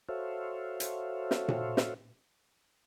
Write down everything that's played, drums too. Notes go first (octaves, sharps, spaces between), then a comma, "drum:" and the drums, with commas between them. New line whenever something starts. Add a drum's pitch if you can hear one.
F#4 A4 C5 C#5 E5 F5
drum: hi-hat
drum: snare
drum: tom A#2
drum: snare